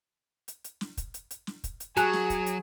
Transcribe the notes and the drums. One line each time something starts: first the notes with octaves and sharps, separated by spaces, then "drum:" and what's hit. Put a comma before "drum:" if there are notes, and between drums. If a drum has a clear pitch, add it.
drum: hi-hat
drum: hi-hat
drum: snare
drum: kick, hi-hat
drum: hi-hat
drum: hi-hat
drum: snare
drum: kick, hi-hat
drum: hi-hat
F#3 F#4 G#4 G#5 A5 F#6, drum: hi-hat
drum: snare
drum: kick, hi-hat
drum: hi-hat